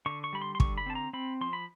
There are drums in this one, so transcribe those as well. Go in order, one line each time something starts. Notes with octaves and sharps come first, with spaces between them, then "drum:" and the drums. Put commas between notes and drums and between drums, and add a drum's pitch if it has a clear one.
D3 C#6
C#6
G3 B5
C6
C6
D3 C#6, drum: kick
B5
C4 A5
A#5
C4 B5
F3 C6
B5